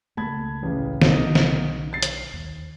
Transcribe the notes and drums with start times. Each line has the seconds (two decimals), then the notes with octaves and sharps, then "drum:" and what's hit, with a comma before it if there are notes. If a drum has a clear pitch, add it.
0.17 C#2 A3 A#3 A5 B5 G#6
0.63 A1 C#3
1.02 B1 D3 D#3 D#4, drum: snare
1.35 drum: snare
1.93 A6 C7
2.03 drum: hi-hat
2.34 D#2